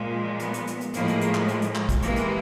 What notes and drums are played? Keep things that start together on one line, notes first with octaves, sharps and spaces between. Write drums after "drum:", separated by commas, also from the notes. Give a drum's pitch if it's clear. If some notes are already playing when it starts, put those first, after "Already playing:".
Already playing: A#2 F3 G#3
B3, drum: hi-hat
drum: hi-hat
drum: hi-hat
drum: hi-hat
A2 F3 G#3 A#3, drum: hi-hat
drum: hi-hat
drum: hi-hat
drum: clap
drum: hi-hat
drum: hi-hat
drum: clap
drum: kick, hi-hat
C3 E3 G#3 A#3, drum: hi-hat
drum: hi-hat